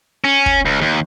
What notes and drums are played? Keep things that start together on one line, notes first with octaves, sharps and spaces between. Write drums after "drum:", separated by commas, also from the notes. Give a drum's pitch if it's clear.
C#4
drum: kick
C#2
D#2